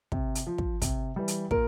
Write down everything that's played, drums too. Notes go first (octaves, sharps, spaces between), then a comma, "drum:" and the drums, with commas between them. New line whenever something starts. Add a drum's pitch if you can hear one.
C3, drum: kick
drum: hi-hat
F3
drum: kick
C3, drum: kick, hi-hat
E3 G3
drum: hi-hat
A#2 A#4, drum: kick